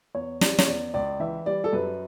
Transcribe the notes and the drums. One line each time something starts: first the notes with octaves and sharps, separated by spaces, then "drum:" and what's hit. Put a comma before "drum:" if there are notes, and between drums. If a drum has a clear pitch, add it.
E2 C#5
G3 D5, drum: snare
C#5, drum: snare
E2 D5
C#2 D5
E3 E5
G3 D5
A4
F#2 B4